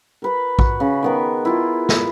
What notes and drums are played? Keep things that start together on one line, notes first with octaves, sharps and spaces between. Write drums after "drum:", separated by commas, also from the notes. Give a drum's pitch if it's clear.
A#4 B4 B5
F#4, drum: kick A#1
C#3 B5
D#3 B3 A#4
E4 F4 G#4
drum: snare